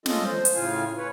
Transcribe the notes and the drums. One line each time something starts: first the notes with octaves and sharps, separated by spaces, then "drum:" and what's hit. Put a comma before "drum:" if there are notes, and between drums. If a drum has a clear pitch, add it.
G#3 C#4 F4 A4 D#5, drum: snare
C5
drum: hi-hat
A2 C#3 F4 F5 G#5
B4 C#5